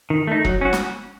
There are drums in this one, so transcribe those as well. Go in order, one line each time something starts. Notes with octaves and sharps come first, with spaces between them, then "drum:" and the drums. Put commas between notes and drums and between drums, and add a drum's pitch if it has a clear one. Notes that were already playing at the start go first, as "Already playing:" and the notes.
D#3
A3 D#4
F#3, drum: kick
C#4 F#4
drum: snare